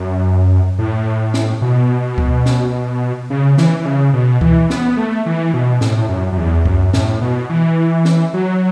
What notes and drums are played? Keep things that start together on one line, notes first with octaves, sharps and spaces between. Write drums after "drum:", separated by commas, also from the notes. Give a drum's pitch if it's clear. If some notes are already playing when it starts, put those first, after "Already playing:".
Already playing: F#2
A2
drum: snare
B2
drum: kick C#2
drum: snare
C#3
E3, drum: snare
E3
C#3
B2
E3, drum: kick C#2
B3, drum: snare
A3
E3
B2
A2, drum: snare
F#2
F#2
E2
F#2, drum: kick C#2
A2, drum: snare
B2
E3
drum: snare
F#3